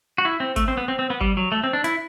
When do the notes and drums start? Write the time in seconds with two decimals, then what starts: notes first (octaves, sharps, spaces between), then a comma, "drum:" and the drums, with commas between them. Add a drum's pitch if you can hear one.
0.18 F#4
0.25 E4
0.40 C4
0.56 A3, drum: kick, hi-hat
0.68 C4
0.77 B3
0.88 C4
0.99 C4
1.10 B3
1.21 G3, drum: kick
1.37 F#3
1.52 A3
1.64 C4
1.73 D4
1.84 E4, drum: hi-hat